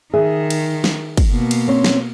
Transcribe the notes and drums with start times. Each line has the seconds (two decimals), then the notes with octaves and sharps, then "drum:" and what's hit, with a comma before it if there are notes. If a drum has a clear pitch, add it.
0.14 D#3 G#4 E5
0.50 drum: cymbal
0.84 drum: snare
1.17 drum: kick, cymbal
1.29 B2 A#3
1.51 drum: cymbal
1.68 C4 C#4 C#5
1.84 drum: snare